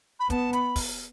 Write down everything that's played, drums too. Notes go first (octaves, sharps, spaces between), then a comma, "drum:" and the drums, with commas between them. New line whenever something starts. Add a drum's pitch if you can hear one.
B5
B3 A5, drum: kick, hi-hat
B5, drum: hi-hat
drum: kick, open hi-hat